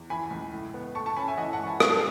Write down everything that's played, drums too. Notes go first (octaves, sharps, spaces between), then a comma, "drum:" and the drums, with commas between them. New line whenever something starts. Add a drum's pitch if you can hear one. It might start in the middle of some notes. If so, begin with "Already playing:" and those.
Already playing: E2
E3 G#5 B5
C#2
A2
B3
A3 A5 C#6
A5 C#6
C#4 G#5 B5
E5 G#5
E3 D#5 F#5
F#5 A5
G#2 C#6
G#5 B5
C#2 A5 C#6, drum: rim click